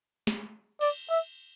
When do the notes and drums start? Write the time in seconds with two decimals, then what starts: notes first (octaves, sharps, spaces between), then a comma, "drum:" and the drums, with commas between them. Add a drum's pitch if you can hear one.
0.27 drum: snare
0.81 D5, drum: cymbal
1.10 E5